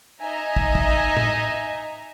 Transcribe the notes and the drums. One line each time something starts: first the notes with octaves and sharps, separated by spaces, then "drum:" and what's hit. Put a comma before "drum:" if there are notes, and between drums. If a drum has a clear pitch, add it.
D#4 D#5 E5 G#5 A#5
drum: kick
drum: kick
drum: tom